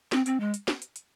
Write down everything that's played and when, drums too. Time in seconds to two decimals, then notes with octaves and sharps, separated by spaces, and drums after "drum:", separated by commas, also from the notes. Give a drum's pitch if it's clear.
0.12 C4, drum: snare
0.26 C4, drum: hi-hat
0.40 G#3
0.54 drum: hi-hat
0.68 drum: snare
0.82 drum: hi-hat
0.96 drum: hi-hat